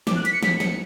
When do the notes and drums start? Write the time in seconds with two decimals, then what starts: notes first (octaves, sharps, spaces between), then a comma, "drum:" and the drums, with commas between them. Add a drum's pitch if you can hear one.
0.07 D6, drum: snare
0.16 F#6
0.25 B6, drum: hi-hat
0.33 C#7
0.43 B6, drum: snare
0.60 C#7, drum: snare